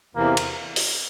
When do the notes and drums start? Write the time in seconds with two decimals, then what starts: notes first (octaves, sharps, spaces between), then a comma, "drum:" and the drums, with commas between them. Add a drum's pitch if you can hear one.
0.15 E2 C3 E3 A#3
0.37 drum: cymbal
0.76 drum: open hi-hat